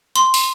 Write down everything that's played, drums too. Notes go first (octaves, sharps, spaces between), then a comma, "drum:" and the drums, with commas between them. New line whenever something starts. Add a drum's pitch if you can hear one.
C6, drum: hi-hat
drum: open hi-hat